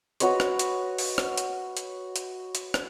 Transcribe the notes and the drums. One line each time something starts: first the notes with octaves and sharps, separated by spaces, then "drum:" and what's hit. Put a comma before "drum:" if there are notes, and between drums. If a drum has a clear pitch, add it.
F#4 B4 C#5 D#5, drum: hi-hat
drum: rim click
drum: hi-hat
drum: open hi-hat
drum: rim click
drum: hi-hat
drum: hi-hat
drum: hi-hat
drum: hi-hat
drum: rim click